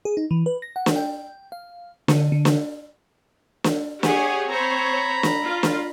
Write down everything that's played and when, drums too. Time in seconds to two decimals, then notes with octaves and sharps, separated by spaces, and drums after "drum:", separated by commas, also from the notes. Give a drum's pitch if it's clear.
0.05 G#4
0.17 D#4
0.31 E3
0.46 B4
0.62 A#6
0.76 F#5
0.86 drum: snare
0.96 G5
1.52 F5
2.08 D3, drum: snare
2.32 D3
2.45 drum: snare
3.64 drum: snare
4.03 G4 G#4 C#5 F#5 G#5, drum: snare
4.50 C4 C5 C#5 A#5 B5
5.23 drum: snare
5.43 F4
5.63 drum: snare